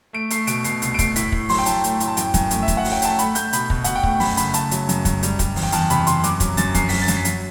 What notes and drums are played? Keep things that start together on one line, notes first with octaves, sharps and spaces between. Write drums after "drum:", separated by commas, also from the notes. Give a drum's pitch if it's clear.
A3 D7
A3 C7, drum: hi-hat
B2 D7, drum: hi-hat
B2 C7, drum: hi-hat
C2 C7, drum: hi-hat
D7
A3 C7, drum: kick, hi-hat
A2 B6, drum: hi-hat
A3, drum: kick
F#3 C6, drum: open hi-hat
G5
A2 A5, drum: hi-hat
A3, drum: hi-hat
A2, drum: hi-hat
A5
F#2 G5, drum: hi-hat
F#2, drum: kick, hi-hat
A3, drum: hi-hat
E5
F#2, drum: kick, hi-hat
F#5
F#3, drum: open hi-hat
G5
A3 A5, drum: hi-hat
A3 B5, drum: hi-hat
A3 G6, drum: hi-hat
B2 B5, drum: hi-hat
B2, drum: kick
B2 F#5, drum: hi-hat
G5
A3, drum: kick
F#2 B5, drum: open hi-hat
F#1 B5, drum: hi-hat
F#1 A5, drum: hi-hat
F#3, drum: hi-hat
F#2, drum: hi-hat
F#2, drum: kick, hi-hat
G3, drum: hi-hat
G3, drum: kick, hi-hat
E2, drum: open hi-hat
G5
E2 A5, drum: hi-hat
C3 B5, drum: hi-hat
C3 C6, drum: hi-hat
F#2 D6, drum: hi-hat
F#3, drum: kick, hi-hat
F#2 A6, drum: hi-hat
F#2 C7, drum: kick, hi-hat
F#3 B6, drum: open hi-hat
A6
F#2, drum: hi-hat
B6
F#3, drum: hi-hat